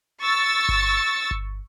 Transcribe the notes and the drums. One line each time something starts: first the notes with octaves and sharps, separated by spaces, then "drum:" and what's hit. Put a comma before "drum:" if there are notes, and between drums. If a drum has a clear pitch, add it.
C#6 E6 A6
drum: kick G1
drum: kick G1